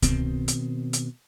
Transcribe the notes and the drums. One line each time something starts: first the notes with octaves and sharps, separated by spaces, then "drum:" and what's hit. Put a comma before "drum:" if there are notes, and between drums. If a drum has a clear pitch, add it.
B2 D#3 C4, drum: kick C2, hi-hat
drum: hi-hat
drum: hi-hat